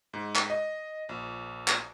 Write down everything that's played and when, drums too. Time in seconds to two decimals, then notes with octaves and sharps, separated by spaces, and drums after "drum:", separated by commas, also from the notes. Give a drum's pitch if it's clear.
0.13 G#2
0.36 drum: clap
0.50 D#5
1.09 A#1
1.68 drum: clap